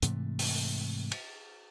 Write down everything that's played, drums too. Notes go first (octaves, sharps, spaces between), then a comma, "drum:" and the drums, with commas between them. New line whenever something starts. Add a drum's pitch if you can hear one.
G#2 C3 E3 A3, drum: hi-hat
drum: open hi-hat
drum: cymbal